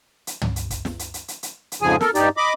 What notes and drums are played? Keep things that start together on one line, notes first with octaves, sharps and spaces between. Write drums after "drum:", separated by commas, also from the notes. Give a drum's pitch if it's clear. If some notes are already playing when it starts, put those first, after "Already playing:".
drum: hi-hat
drum: tom
drum: hi-hat
drum: kick, hi-hat
drum: snare
drum: hi-hat
drum: hi-hat
drum: hi-hat
drum: hi-hat
drum: hi-hat
F2 G#2 C#3 F3 G#4 G#5
A4 A#4, drum: snare
G2 D#4 G4 D5, drum: hi-hat
D#5 B5 D6